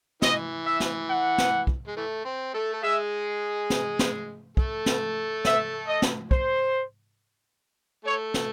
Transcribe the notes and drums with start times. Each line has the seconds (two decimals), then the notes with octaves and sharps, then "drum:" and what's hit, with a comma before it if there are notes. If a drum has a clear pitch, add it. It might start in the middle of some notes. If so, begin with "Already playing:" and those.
0.22 E3 D#5, drum: snare
0.65 E5
0.80 drum: snare
1.09 F#5
1.38 drum: snare
1.67 drum: kick
1.87 G#3
1.97 E3 A3
2.25 C4
2.54 A3 A4
2.73 A4
2.83 G#3 G#4 E5
3.70 drum: snare
3.99 drum: snare
4.57 A3 A4, drum: kick
4.86 drum: snare
5.45 E5, drum: snare
5.87 D#5
6.02 drum: snare
6.31 C5, drum: kick
8.05 A3 A4 C#5
8.34 drum: snare